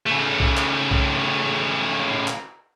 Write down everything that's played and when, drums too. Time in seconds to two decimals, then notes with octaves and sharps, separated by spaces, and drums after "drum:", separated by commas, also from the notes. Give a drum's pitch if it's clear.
0.06 C#3 A3
0.40 drum: kick B1
0.57 drum: clap
0.91 drum: kick B1
2.28 drum: clap